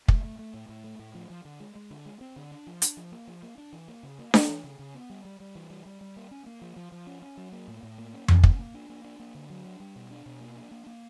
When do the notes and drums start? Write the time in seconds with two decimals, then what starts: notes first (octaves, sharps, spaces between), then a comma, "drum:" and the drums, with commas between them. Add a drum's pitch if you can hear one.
0.08 A3, drum: kick
0.23 A3
0.39 A3
0.54 A2
0.69 A2
0.84 A3
0.99 A2
1.15 F3
1.30 F3
1.45 D3
1.60 G#3
1.75 G#3
1.90 D3
2.06 G#3
2.21 C4
2.36 D3
2.51 D4
2.67 F3
2.82 D4, drum: hi-hat
2.97 F3
3.12 A#3
3.27 F3
3.43 A#3
3.58 D4
3.73 E3
3.88 A#3
4.03 C#3
4.19 A#3
4.34 A#3, drum: snare D4
4.49 E3
4.64 C#3
4.79 C#3
4.94 B3
5.10 G3
5.25 G3
5.40 G3
5.55 E3
5.70 G3
5.86 G3
6.01 G3
6.16 A#3
6.31 C#4
6.46 A#3
6.61 F3
6.76 F3
6.92 F3
7.07 C#4
7.22 C#4
7.37 F#3
7.52 A#3
7.68 A2
7.83 A2
7.98 A#3
8.13 C#4
8.28 C#4, drum: tom F2
8.44 A#3, drum: kick
8.59 A#3
8.74 D4
8.90 A#3
9.04 D4
9.20 A#3
9.35 D3
9.50 F#3
9.65 D4
9.80 G3
9.96 B2
10.11 D4
10.26 B2
10.41 A#3
10.56 D4
10.71 A#3
10.86 A#3